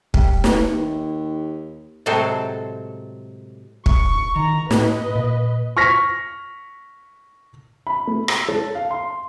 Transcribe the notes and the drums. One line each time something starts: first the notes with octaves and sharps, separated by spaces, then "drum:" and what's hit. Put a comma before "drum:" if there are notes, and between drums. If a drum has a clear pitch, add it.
G3, drum: kick
drum: snare
D#2
A2 C3 F#3 G#3 C4 A4
C#6, drum: kick
D#3 A#5
A2 B4 D#5, drum: snare
A#2
C#6 F6 A#6 B6
B5
A3
E6, drum: rim click
A4
F5
C6